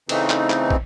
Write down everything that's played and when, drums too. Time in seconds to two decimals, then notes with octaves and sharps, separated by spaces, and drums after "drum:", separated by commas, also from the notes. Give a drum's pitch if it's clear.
0.09 C#3 E3 A3 C4 D#4, drum: cymbal
0.30 drum: clap
0.50 drum: clap
0.70 drum: kick